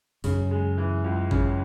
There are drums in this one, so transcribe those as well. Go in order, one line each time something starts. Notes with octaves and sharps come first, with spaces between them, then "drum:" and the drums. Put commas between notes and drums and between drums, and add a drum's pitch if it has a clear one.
F#2 C#3, drum: open hi-hat
G#3
E3
C#2
C#3, drum: kick F#1